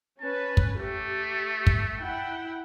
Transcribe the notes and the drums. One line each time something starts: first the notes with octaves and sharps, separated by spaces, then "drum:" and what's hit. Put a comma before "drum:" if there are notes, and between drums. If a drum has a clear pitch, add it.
C#4 B4 A5
drum: kick
A3 G4
drum: kick
E4 F#5 G5